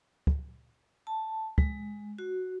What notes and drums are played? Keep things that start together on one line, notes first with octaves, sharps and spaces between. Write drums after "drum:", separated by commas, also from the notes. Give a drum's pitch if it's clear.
drum: kick
A5
G#3, drum: kick
F#4